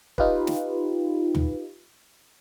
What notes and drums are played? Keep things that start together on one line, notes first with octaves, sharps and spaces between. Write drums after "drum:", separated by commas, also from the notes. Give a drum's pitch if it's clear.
D#4 F4 G4 B4, drum: kick
drum: snare
drum: tom